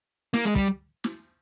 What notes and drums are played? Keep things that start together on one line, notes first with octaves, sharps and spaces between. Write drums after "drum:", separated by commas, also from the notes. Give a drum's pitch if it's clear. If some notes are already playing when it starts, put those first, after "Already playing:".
A#3, drum: snare
G#3
G3, drum: kick
drum: snare